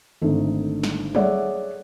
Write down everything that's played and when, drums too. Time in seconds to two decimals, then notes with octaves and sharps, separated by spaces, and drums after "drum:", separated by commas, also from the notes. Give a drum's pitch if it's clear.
0.22 G#1 D3 A3 D#4
0.83 drum: snare
1.15 G#4 A4 C#5 D5 E5 F#5, drum: tom F#3